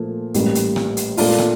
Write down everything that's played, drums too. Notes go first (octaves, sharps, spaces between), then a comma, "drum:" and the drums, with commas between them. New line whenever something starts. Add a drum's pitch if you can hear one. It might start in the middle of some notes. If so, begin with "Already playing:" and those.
Already playing: A#2 F3 A3
A1 A2 G3 A#3, drum: hi-hat
drum: hi-hat
drum: rim click
drum: hi-hat
A#2 A3 D4 F4, drum: open hi-hat
drum: rim click